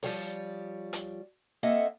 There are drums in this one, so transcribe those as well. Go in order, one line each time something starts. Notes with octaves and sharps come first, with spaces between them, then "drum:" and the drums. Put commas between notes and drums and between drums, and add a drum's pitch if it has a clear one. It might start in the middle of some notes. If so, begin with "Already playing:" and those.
F3 G3 C#5, drum: open hi-hat
drum: hi-hat
A#3 C4 A4 D#5 E5 F#5